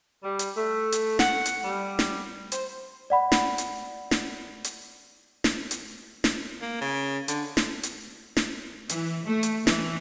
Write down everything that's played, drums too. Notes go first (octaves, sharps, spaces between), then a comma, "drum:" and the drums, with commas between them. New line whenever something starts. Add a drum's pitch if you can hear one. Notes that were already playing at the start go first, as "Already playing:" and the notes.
G3
drum: hi-hat
A3
drum: hi-hat
F#5, drum: snare
drum: hi-hat
G3
drum: snare
C5, drum: hi-hat
D5 F#5 B5
drum: snare
drum: hi-hat
drum: snare
drum: hi-hat
drum: snare
drum: hi-hat
drum: snare
A#3
C#3
D3, drum: hi-hat
drum: snare
drum: hi-hat
drum: snare
E3, drum: hi-hat
A3
drum: hi-hat
E3, drum: snare